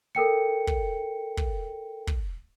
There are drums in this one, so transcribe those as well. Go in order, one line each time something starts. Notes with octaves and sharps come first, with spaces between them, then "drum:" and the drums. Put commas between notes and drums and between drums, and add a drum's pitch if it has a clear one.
A4 A#4 G5 C#7
drum: kick
drum: kick
drum: kick